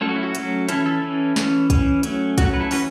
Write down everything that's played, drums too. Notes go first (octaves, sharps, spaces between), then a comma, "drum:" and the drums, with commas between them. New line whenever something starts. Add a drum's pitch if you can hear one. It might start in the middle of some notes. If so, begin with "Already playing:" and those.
F#3 A3 C#4 A4
F#4
E4
F#4
F#3 A3 C#4, drum: hi-hat
E3 C#4 E4 A4, drum: hi-hat
E4 A4
E3 C#4
E3 C#4, drum: snare
E3 C#4, drum: kick, hi-hat
F#3 A3 C#4, drum: hi-hat
F#3 A3 C#4 F#4, drum: kick, hi-hat
B4
E4 A4
E3 C#4 F#4 B4, drum: open hi-hat